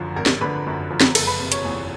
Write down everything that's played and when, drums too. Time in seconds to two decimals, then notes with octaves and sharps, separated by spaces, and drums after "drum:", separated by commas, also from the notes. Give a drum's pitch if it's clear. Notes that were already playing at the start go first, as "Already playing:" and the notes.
Already playing: G#1 F#2 D3 F3
0.16 G#1 A#4 A#5
0.26 drum: snare
0.41 D3 B4 B5
0.66 F#2
0.90 F3
1.01 drum: snare
1.15 F#1 A4 A5, drum: cymbal
1.27 B4 B5
1.40 C3
1.52 C#5 C#6, drum: hi-hat
1.64 E2